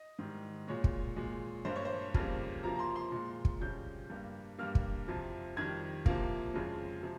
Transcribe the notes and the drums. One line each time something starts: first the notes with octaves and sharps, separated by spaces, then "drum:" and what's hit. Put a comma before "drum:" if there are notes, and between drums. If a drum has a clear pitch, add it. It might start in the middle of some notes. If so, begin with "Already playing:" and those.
Already playing: D#5
G#2 D#3 G3
A#2 G#3 C#5
drum: kick
A#2 G#3
G2 G3 A#3 C5
C#5
C5
F2 C#3 G3 A#3, drum: kick
C3 F3 A#3 A#5
A#5
C6
C6
A#2 G#3
drum: kick
F2 C#3 G3 G6
G2 G3 A#3
G2 G3 A#3 F6
drum: kick
F2 C3 F3
F2 D#3 G3 G#6
C3 F3 A#3, drum: kick
F2 C#3 F3 G#3
C3 F3